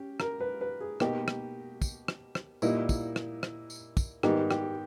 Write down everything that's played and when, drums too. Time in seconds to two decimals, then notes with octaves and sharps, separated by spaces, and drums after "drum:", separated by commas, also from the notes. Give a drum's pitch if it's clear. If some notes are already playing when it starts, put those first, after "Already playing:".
Already playing: C#4 G4
0.20 A#4, drum: rim click
0.40 B4
0.61 B4
0.81 G#4
1.00 B2 A#3 D#4 G4, drum: rim click
1.28 drum: rim click
1.82 drum: kick, tambourine
2.08 drum: rim click
2.35 drum: rim click
2.62 A#2 G3 A#3 D#4 E4, drum: tambourine
2.89 drum: kick, tambourine
3.16 drum: rim click
3.43 drum: rim click
3.70 drum: tambourine
3.97 drum: kick, tambourine
4.23 G#2 D#3 G3 B3 D#4 G4, drum: rim click
4.51 G4, drum: rim click